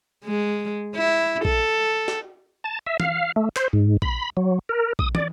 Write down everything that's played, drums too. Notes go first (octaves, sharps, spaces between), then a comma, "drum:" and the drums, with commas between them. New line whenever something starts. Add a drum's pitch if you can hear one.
G#3
E4
A4, drum: kick A#1
drum: snare
A5
E5
F5, drum: tom
A3
C5, drum: clap
G#2
B5, drum: kick A#1
F#3
A#4
D#6, drum: kick A#1
D5, drum: tom